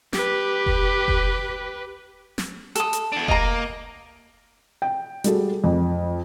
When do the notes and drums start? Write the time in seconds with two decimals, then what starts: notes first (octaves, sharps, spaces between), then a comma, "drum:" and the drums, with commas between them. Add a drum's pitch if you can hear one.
0.13 G4 B4, drum: snare
0.66 drum: kick F1
1.08 drum: kick F1
2.38 drum: snare
2.75 A4 D#6, drum: hi-hat
2.93 drum: hi-hat
3.12 E2 D4
3.28 A#3 D#5 A#5, drum: kick F1
4.82 G5
5.24 G3 F#4 G#4 A4, drum: hi-hat
5.64 F2